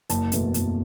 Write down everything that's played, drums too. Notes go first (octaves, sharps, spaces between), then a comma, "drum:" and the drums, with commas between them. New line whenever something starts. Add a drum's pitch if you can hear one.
F#1 A5, drum: hi-hat
E2 B2 A3, drum: hi-hat
F#1, drum: hi-hat